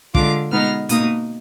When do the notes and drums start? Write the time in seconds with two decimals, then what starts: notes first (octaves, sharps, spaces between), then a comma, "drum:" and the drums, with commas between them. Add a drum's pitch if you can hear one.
0.15 D3 G#3 D4 F4 D6, drum: kick
0.52 B2 G#3 B3 D#4 F6
0.89 B2 A#3 D#4 D#6, drum: hi-hat